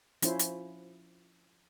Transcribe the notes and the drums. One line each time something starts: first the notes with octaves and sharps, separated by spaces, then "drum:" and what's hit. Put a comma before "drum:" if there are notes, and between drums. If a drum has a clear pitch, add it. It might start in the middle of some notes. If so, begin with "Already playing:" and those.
F3 C#4 E4 C5, drum: hi-hat
drum: hi-hat